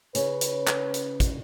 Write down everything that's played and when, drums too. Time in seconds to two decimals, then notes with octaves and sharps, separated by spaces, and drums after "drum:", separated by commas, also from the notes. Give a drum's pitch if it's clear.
0.15 C#3 C#4 B4, drum: hi-hat
0.41 drum: hi-hat
0.67 drum: clap
0.94 drum: hi-hat
1.20 drum: kick, hi-hat